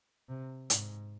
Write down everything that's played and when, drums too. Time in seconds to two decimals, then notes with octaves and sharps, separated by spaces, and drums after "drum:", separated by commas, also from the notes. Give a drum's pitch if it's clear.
0.29 C3
0.70 G#2, drum: hi-hat